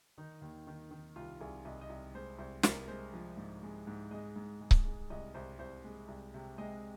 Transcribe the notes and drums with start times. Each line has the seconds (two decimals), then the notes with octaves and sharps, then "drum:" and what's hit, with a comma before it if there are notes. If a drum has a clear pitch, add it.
0.18 D#3 D#4
0.42 D#2
0.67 D#3
0.91 D#3
1.16 C2 F4
1.41 C2 G#4
1.65 C2 D#5
1.81 D#5
1.90 C2
2.15 G#3 C5
2.39 C2 C5
2.63 C2 A#4, drum: snare
2.88 G#3 C5
3.14 F3
3.37 G#2
3.63 G#3
3.87 G#2
4.11 G#3 D#5
4.36 G#2
4.61 G#3
4.71 drum: kick C#1
4.85 G#3
5.10 C2 D#5
5.34 C2 C5
5.59 C2 C5
5.84 G#3
6.08 C2
6.34 C3
6.58 G#3 D#5